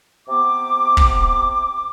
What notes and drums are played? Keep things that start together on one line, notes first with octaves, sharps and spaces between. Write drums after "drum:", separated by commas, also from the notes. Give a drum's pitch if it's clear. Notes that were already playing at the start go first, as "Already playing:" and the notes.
C3 B3 D6
drum: kick